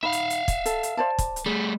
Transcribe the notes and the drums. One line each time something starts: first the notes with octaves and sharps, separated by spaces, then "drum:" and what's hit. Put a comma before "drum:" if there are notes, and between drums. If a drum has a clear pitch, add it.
D#4 E5 F5 B5
drum: hi-hat
drum: hi-hat
drum: kick, hi-hat
A4, drum: hi-hat
drum: hi-hat
C5 D5 A5
drum: kick, hi-hat
drum: hi-hat
G3 A3 G#4